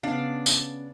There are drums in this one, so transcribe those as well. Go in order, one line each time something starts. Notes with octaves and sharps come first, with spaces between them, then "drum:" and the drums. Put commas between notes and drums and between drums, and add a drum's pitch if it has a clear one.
C#3 B3 D4 D5 F5
drum: tambourine